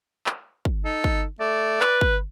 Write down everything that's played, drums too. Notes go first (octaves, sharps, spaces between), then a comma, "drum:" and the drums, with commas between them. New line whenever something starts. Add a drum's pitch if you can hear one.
drum: clap
drum: kick
D#4 A4
drum: kick
A3 D5
B4, drum: clap
drum: kick